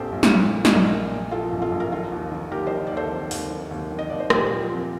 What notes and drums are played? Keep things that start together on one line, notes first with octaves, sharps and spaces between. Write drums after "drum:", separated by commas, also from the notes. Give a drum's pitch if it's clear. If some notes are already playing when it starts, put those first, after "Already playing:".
Already playing: A#1 A#2 F3 G4 A4 A#4 C5
A#1
drum: snare
A#2
F3
D#5, drum: snare
A#1 A#4 D5
A#1
A#2
F3 F4 A4
A#1
F4 A4
A#1
A#4
D#3 F4 A4
D#2
D#3
D#2 G4 A#4
C5 D#5
D#3
D#2 D5
A4 C5
D#3
D#2, drum: open hi-hat
D#3
D#2
D#3
D#5
D#2 D5
C5
A#2 G4 A#4, drum: rim click
F3
C2